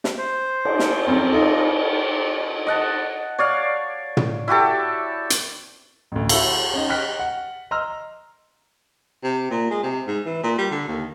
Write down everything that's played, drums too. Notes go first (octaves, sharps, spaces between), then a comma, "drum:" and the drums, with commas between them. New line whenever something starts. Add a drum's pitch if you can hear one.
drum: snare
C5
drum: cymbal
drum: snare
F2 F#3 C4 C#4
D#4 F4 A4 D#5
drum: cymbal
D#5 F#5 A5
C#5 D5 F5
drum: tom
E4 F#4 G4 A4
drum: hi-hat
A1 D2
E4 F#4 A4 F5, drum: cymbal
C#4 D#4
D#5 G5 F6 F#6 B6
F#5
D#5 A#5 C6 E6 F6
C3
A#2
G#3
C3
G#2
E3
A#2
G3
D3
D#2